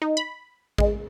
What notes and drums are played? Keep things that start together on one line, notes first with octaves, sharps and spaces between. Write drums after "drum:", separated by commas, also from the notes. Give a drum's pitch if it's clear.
D#4
B5
G#3, drum: kick A1